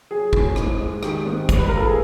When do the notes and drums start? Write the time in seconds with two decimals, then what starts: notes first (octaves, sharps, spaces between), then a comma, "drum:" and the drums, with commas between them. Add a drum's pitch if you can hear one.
0.11 F#3 G#4
0.33 A2, drum: kick
0.56 G#2, drum: rim click
0.79 G#3
1.03 D#3 G4, drum: rim click
1.26 G#2
1.49 G3, drum: kick, hi-hat
1.59 B4
1.69 A#4
1.73 A#2 A4
1.87 G#4